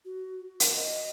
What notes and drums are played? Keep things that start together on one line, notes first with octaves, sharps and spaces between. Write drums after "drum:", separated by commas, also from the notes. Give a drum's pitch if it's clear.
F#4
A#4, drum: hi-hat
D#5